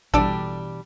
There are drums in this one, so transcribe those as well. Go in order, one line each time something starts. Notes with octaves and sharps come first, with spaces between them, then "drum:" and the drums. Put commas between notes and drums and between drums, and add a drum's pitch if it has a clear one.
B2 E3 G3 D4 G4 A4, drum: kick A1